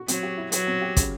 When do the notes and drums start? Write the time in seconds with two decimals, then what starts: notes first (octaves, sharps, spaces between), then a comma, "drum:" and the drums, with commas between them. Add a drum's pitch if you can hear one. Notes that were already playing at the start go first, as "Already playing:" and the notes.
Already playing: F#4
0.08 F#3 C4, drum: hi-hat
0.23 G4
0.37 E4
0.52 F#3 B4, drum: hi-hat
0.67 C4
0.81 G4
0.97 C#3, drum: kick, hi-hat